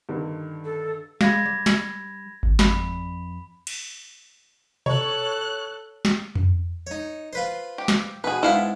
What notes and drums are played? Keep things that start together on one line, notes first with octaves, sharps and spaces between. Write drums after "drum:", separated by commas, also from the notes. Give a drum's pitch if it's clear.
G2 D3 D#3
A4
G#3 F5 B5 G#6 A#6, drum: snare
G3
drum: snare
drum: kick G#1
F2 B5, drum: snare
drum: cymbal
A4 C#5 F#6, drum: tom B2
drum: snare
drum: tom F2
D#4 C#5
F4 B4 C5
G4
drum: snare
B2 G#4 B4
G#2 B3 D4 E4 F5